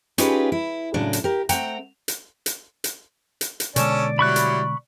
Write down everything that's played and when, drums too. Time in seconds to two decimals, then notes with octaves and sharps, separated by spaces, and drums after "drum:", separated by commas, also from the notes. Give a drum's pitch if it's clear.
0.18 C#4 D#4 F4 G4 G#4 B4, drum: hi-hat
0.52 E4
0.94 A2 C#3 F#3 D4
1.13 drum: hi-hat
1.24 G4 A#4
1.49 A3 C4 F#5 G5 A#5, drum: hi-hat
2.08 drum: hi-hat
2.46 drum: hi-hat
2.84 drum: hi-hat
3.41 drum: hi-hat
3.60 drum: hi-hat
3.76 B2 D3 G#3 C#4 A4 C#5 D5, drum: hi-hat
4.19 F#3 G3 E4 B5 C#6 F#6
4.36 drum: hi-hat